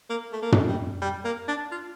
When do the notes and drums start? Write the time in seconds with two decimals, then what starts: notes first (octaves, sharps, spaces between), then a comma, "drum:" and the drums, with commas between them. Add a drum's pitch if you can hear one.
0.09 A#3
0.32 A3
0.42 A#3
0.52 A3, drum: tom
0.67 G3
1.02 G3
1.24 A#3
1.48 D4
1.72 F4